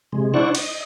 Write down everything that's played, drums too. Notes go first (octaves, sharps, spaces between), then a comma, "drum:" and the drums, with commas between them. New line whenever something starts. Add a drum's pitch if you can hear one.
C3 G#3
D4 E4 C5 D5 F#5 C#6
D#5 D#6, drum: cymbal